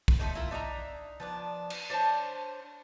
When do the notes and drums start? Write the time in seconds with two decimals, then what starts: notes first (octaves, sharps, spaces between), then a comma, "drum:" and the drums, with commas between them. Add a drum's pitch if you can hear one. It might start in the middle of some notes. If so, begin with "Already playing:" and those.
0.08 drum: kick
0.19 F3 A3 A#3 D#4
0.35 E4 F4 A#4
0.51 D4 D#4 E5 A#5
1.20 F3 B3 D4
1.70 drum: cymbal
1.90 D4 C5 C#5 A5